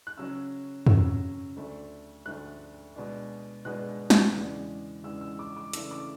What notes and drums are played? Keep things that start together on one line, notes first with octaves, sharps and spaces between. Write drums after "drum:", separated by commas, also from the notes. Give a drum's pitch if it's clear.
F#6
C#3 F#3 C#4 E6
C#3 F#3 C#4 E6, drum: tom F2
D2 D3 A3 D4
D2 D3 A3 D4 F#6
B2 G#3 B3 D4
B2 G#3 B3 D4 F#6
drum: snare
E2 C#3 G#3 D4
E2 C#3 G#3 D4 E6
E6
D6
D6
C#3 E3 A3 D4 E6, drum: hi-hat
D6